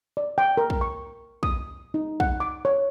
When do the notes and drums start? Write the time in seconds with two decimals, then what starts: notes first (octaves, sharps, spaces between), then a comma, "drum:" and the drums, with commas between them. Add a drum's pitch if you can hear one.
0.17 D5
0.38 G5
0.57 A#4
0.70 drum: kick
0.81 C#6
1.43 D#6, drum: kick
1.94 D#4
2.20 F#5, drum: kick
2.40 D6
2.65 C#5